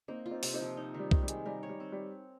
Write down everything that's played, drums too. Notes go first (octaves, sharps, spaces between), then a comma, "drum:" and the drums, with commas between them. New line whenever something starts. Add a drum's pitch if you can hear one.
A#3 C4 D#4
F4
C4 D#4
C3, drum: open hi-hat
C4 D#4
F3
D#4
D#3
G3
D#3, drum: kick B1
G3
G#3, drum: hi-hat
G3 A#4
C#5
G3
C4
G3